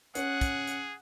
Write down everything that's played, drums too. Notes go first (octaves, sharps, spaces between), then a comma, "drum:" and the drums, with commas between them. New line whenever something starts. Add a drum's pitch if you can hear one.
C#4 G#4 F#5, drum: hi-hat
drum: kick, hi-hat
drum: hi-hat